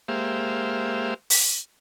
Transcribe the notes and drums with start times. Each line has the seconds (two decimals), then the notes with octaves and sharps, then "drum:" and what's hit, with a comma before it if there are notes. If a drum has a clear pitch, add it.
0.08 G#3 A#3 G4 C5 E5 F5
1.30 drum: open hi-hat